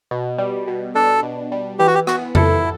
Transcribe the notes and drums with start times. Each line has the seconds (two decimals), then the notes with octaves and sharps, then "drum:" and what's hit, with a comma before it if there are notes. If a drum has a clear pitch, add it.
0.11 B2
0.39 G3
0.68 B2
0.95 D4 A4
1.23 B2
1.52 G3
1.79 E3 G4
1.87 F#4
1.95 G4
2.07 B3 F#4, drum: rim click
2.35 E4 A4, drum: tom F2